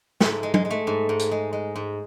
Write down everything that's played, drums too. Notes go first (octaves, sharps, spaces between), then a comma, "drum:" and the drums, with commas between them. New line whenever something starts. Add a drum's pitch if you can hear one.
G#2 A3, drum: snare
G#3
G#3, drum: tom
G#3
A3
G#2
G#2
drum: hi-hat
G#3
G#3
G#2